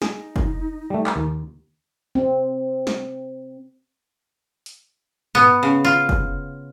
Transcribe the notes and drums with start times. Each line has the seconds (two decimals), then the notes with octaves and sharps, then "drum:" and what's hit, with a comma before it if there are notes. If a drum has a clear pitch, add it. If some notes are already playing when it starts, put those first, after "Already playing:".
0.02 D#4 G#4, drum: snare
0.36 drum: kick
0.90 G3 A3
1.07 drum: clap
1.16 D#2
2.15 C4
2.87 drum: snare
4.66 drum: hi-hat
5.35 B3, drum: tom
5.63 C#3
5.85 F4
6.09 drum: kick